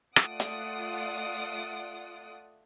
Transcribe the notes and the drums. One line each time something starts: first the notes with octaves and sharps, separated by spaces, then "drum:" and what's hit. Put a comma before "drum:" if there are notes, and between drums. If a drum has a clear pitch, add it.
A3 F4 D5 F#5 D#6 D7, drum: rim click
drum: hi-hat